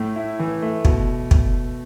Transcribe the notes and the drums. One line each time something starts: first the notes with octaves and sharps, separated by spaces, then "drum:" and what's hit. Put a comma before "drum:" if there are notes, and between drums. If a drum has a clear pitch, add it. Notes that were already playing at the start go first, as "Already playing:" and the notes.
Already playing: A2 A3
E4
E3
A3
B2, drum: kick
drum: kick